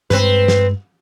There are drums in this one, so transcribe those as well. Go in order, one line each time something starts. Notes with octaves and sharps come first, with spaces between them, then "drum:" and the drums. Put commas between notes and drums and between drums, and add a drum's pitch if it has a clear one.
G2 G#3 C4 B4, drum: snare
drum: snare